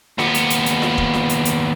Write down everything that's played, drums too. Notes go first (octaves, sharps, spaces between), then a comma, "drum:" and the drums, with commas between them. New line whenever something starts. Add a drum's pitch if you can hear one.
D#2 B3, drum: snare F4
drum: hi-hat
drum: hi-hat
drum: hi-hat
drum: snare F4
drum: kick E1
drum: snare F4
drum: hi-hat
drum: hi-hat